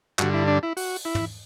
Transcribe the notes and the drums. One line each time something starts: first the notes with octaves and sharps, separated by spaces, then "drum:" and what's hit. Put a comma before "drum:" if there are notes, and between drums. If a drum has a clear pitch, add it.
G2 D3 F#4, drum: clap
E4
D4
E4
F#4, drum: open hi-hat
drum: open hi-hat
E4
drum: tom